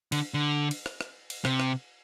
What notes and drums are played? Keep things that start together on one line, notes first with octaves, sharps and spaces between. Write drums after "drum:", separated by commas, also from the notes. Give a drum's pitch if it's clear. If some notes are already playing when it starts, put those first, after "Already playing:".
D3, drum: cymbal
D3
drum: cymbal
drum: rim click
drum: rim click
drum: cymbal
C3, drum: rim click
drum: rim click